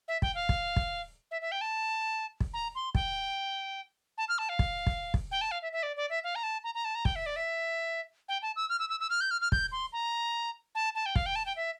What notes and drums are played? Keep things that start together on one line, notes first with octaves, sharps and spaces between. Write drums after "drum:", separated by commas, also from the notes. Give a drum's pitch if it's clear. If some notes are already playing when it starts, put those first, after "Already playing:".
E5
G5, drum: kick
F5
drum: kick
drum: kick
E5
E5
G5
A5
drum: kick
A#5
C6
G5, drum: kick
A5
F6
A5
F5
drum: kick
drum: kick
drum: kick
G5
A5
F5
E5
E5
D5
D5
E5
F5
A#5
A5
A#5
A#5
A5
A#5
G5, drum: kick
E5
D5
E5
G5
A5
E6
F6
E6
E6
E6
F6
G6
F6
F6
G6, drum: kick
C6
A#5
A5
A5
G5
F5, drum: kick
G5
A5
G5
E5